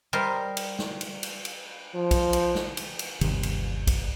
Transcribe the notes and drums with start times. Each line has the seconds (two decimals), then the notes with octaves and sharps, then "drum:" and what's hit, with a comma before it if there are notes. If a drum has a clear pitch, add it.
0.13 G3 A#4 C5 D#5
0.57 drum: cymbal
0.79 drum: snare
1.01 drum: cymbal
1.23 drum: cymbal
1.45 drum: cymbal
1.95 F3
2.11 drum: kick A#1, cymbal
2.33 drum: cymbal
2.55 drum: snare
2.77 drum: cymbal
2.99 drum: cymbal
3.21 G1 D#2 C3 D#3, drum: cymbal
3.43 drum: cymbal
3.87 drum: kick A#1, cymbal